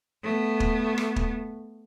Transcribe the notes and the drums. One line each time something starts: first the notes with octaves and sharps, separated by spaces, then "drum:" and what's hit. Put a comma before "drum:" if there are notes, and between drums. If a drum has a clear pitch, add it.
A3 B3
drum: kick
drum: rim click
drum: kick